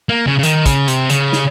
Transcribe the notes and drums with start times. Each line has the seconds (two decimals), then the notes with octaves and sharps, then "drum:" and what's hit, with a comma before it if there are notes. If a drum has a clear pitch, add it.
0.09 A#3
0.27 C#3
0.39 C#3
0.43 D#3, drum: hi-hat
0.66 C#3, drum: kick, hi-hat
0.88 C3, drum: hi-hat
1.10 C#3, drum: hi-hat
1.33 drum: snare